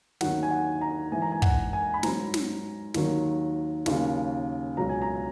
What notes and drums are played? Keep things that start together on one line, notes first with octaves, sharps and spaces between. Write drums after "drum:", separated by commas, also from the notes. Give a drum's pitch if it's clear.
D#2 D#3 F#3 F#5, drum: snare
G#5
F#5
A#5
G#2 E3 G#5
A#5
G#5
F#5, drum: kick
G#5
B5
G#2 F#3 A#5, drum: snare
drum: snare
D#2 D#3 F#3, drum: snare
D#2 C#3 F#3, drum: snare
C#2 B2 F#3 A#5
G#5
A#5